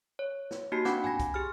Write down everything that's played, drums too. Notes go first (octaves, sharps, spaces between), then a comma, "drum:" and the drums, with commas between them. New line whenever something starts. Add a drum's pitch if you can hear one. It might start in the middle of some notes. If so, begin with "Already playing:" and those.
C#5
drum: snare
A#3 D#4 F#4 G4 A5 C7
C4 D4 F#5 B5 D6 G#6, drum: snare
G#5 B5 G#6 A#6, drum: tom
drum: kick, hi-hat
G4 G#4 F6